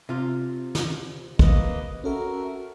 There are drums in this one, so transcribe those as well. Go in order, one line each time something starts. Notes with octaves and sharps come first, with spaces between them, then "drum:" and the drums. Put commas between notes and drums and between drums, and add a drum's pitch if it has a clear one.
C3 F4
drum: snare
A#3 B4 D#5, drum: kick
C#4 F#4 A4 A#4 E5